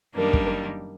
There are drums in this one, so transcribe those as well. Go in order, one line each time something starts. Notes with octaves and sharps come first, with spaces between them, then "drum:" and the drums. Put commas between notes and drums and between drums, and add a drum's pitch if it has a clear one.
F#2 D#3 G3 A#3 D4 A#4
drum: kick